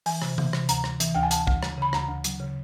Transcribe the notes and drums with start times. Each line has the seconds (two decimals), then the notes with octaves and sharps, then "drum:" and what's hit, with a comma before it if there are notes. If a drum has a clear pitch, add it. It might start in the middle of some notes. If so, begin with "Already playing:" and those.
0.06 E3 G#5, drum: open hi-hat
0.22 C3, drum: rim click
0.38 E3, drum: tom C#3
0.53 C3, drum: rim click
0.69 D2 A#5, drum: hi-hat
0.84 D2, drum: rim click
1.00 E3, drum: hi-hat
1.15 D2 G5
1.23 G#5
1.31 D2 A5, drum: hi-hat
1.47 D2, drum: kick
1.63 C#3, drum: rim click
1.78 C#3 B5
1.93 D2 A#5, drum: rim click
2.09 D2
2.24 F#3, drum: hi-hat
2.40 C#3